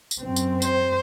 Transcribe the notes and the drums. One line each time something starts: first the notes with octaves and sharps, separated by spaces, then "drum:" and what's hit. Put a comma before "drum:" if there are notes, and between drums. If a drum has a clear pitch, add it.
drum: tambourine
F#2 C4
drum: tambourine
C5, drum: tambourine